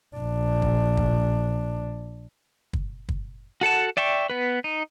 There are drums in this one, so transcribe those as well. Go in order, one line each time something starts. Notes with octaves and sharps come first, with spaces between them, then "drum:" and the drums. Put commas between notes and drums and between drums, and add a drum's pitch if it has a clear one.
A#1 D4
drum: kick
drum: kick
drum: kick
drum: kick
F#4 A4 F#5 A5
D5 E5 G5 C#6
B3 B4
D#4